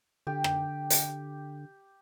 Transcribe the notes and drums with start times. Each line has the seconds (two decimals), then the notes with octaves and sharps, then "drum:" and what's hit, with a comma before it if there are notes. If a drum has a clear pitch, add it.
0.27 D3 G4
0.44 drum: rim click
0.90 drum: hi-hat